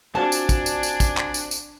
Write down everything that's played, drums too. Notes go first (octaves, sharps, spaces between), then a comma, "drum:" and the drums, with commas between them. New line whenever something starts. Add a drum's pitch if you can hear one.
C4 D4 F4 F#4 G#5 A5
drum: tambourine
drum: kick, tambourine
drum: tambourine
drum: tambourine
drum: kick, tambourine
drum: clap
drum: tambourine
drum: tambourine